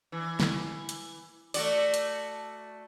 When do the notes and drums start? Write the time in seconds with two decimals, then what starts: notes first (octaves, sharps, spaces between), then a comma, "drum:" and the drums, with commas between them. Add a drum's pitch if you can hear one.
0.12 E3
0.40 drum: snare
0.89 drum: hi-hat
1.54 A3 F#4 D5, drum: open hi-hat
1.94 drum: hi-hat